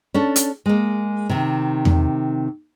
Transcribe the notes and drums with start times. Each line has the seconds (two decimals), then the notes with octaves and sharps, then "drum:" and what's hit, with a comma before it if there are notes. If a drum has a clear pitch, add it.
0.14 C#4 D4 A4
0.36 drum: hi-hat
0.66 G#3 A#3
1.29 C3 D#3
1.85 drum: tom E2